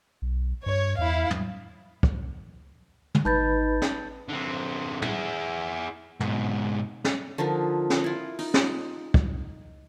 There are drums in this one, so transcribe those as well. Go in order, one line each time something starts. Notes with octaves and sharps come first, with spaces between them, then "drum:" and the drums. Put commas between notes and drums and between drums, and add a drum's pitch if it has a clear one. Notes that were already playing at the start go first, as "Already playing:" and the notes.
B1
G2 C#5
E2 E4 F5
drum: tom
drum: kick
drum: tom
G#1 D#4 B4 A5 B5 G6 A6
drum: snare
D3 C4
E4 G#4, drum: tom
G#2 B2, drum: tom
drum: snare
D3 F3 D#4 A#4
drum: snare
E4 F4
D#4, drum: open hi-hat
drum: snare
drum: kick